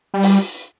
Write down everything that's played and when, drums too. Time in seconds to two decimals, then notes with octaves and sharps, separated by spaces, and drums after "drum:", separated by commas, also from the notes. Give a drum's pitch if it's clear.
0.14 G3
0.23 drum: open hi-hat